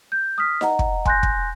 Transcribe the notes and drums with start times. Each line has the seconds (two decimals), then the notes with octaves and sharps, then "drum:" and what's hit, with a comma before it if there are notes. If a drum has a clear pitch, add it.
0.12 G6
0.38 D#6 F6 B6
0.61 D#5 F#5 A#5, drum: snare D#4
0.79 drum: kick
1.05 G#5 C6 F#6 G6 A#6, drum: kick
1.23 drum: kick